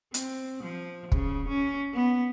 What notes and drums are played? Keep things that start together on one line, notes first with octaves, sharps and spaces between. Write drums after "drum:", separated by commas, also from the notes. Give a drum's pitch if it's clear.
C4, drum: hi-hat
F3
C#3, drum: kick
C#4
B3